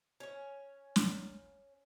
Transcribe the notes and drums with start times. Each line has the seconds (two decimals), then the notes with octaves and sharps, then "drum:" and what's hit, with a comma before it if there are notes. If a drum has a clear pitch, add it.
0.20 C#4 C#5
0.96 drum: snare